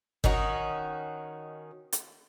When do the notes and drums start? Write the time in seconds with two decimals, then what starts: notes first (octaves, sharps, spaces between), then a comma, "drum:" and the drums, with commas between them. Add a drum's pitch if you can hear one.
0.24 D#3 C#4 D#4 F#4, drum: kick G1
1.92 drum: hi-hat